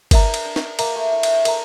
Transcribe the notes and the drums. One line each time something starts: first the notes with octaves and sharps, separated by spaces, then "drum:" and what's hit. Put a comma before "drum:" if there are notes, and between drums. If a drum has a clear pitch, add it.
D4 A#4 E5 A#5, drum: kick G1, cymbal
drum: cymbal
D4
drum: snare
A#3 A#4 E5 A#5, drum: cymbal
A3
E4
drum: cymbal
A4 A#4 E5 A#5, drum: cymbal